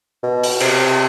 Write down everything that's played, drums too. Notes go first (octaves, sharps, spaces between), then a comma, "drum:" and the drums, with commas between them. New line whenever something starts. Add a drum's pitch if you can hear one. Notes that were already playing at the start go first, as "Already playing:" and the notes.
B2
drum: open hi-hat
C3, drum: cymbal